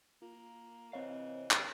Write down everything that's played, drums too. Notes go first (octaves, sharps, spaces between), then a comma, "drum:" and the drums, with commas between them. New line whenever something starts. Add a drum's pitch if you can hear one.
A#3 F4
C3 E3 C4 C#5 D#5 F5
drum: clap